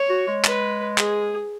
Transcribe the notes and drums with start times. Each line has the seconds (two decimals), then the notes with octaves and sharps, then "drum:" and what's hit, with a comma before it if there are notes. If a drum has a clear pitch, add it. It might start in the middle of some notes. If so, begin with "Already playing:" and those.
Already playing: C#5
0.10 F#4
0.28 G#3
0.45 B4, drum: clap
0.98 G#4, drum: clap